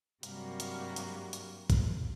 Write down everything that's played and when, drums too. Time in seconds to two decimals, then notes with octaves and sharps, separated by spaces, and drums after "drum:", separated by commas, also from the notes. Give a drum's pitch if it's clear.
0.23 G2 C3 F#3 G3 A#3 F#4, drum: hi-hat
0.60 drum: hi-hat
0.96 drum: hi-hat
1.33 drum: hi-hat
1.70 drum: kick, hi-hat